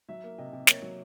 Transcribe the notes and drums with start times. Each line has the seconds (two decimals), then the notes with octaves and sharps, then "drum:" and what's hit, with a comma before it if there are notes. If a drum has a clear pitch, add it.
0.09 F#3 E5
0.24 A#3
0.38 C3 D#5
0.53 C3
0.67 A#3 C#5, drum: snare
0.82 F#3